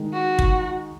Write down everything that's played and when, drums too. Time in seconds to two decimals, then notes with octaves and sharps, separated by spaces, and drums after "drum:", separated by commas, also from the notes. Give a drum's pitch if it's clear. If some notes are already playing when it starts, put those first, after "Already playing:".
Already playing: D#3 G#3
0.13 F#4
0.39 drum: kick